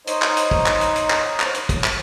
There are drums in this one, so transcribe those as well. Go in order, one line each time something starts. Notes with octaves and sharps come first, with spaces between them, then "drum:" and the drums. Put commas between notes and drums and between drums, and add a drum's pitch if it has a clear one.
D#4 C5 C#5 D#5, drum: hi-hat
drum: clap
drum: hi-hat
drum: kick
drum: clap
drum: hi-hat
drum: hi-hat
drum: clap
drum: clap
drum: hi-hat
drum: kick, hi-hat
drum: clap